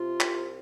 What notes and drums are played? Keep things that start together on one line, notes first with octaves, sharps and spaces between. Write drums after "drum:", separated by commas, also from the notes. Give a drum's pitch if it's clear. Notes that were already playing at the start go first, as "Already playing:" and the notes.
Already playing: C3 F4
C2, drum: clap